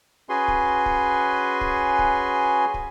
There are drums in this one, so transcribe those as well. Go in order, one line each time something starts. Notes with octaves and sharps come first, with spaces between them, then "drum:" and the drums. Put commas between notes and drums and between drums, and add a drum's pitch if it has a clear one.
C#4 F#4 G#4 B4 G#5 C6
drum: kick
drum: kick
drum: kick
drum: kick
drum: kick